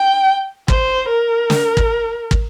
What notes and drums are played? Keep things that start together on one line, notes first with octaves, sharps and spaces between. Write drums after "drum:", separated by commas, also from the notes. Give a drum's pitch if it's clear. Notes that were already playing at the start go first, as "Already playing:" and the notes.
Already playing: G5
C5, drum: kick
A#4
drum: snare
drum: kick
drum: kick